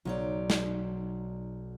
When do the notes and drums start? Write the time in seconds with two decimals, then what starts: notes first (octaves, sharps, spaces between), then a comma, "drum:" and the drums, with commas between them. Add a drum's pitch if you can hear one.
0.05 B1 D#4 C#5 D5
0.50 drum: snare